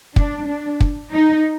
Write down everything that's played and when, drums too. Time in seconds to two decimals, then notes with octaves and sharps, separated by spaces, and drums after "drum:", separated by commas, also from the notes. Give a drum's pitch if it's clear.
0.16 D4, drum: kick
0.48 D4
0.80 drum: kick
1.13 D#4